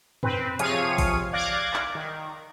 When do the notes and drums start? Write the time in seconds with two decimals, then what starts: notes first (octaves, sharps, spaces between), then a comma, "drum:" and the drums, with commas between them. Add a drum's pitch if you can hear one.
0.23 C4 B4, drum: tom
0.59 C3 F3 G#4 C#5 F5 D#7, drum: hi-hat
0.98 drum: kick A1, open hi-hat
1.33 D5 F5 D6 F#6 G#6 A#6
1.74 drum: clap
1.95 D#3